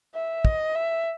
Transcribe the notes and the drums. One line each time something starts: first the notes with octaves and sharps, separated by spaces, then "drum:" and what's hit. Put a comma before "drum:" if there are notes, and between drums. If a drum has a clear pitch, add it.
E5
D#5, drum: kick
E5